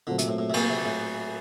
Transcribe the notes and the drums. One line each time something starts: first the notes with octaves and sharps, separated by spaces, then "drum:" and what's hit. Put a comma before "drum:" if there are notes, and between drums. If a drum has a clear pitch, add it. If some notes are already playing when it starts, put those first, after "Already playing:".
A#2 D3 F#3 A3 C4
C3, drum: hi-hat
A2
A2
C3
A#2, drum: cymbal
C3
A2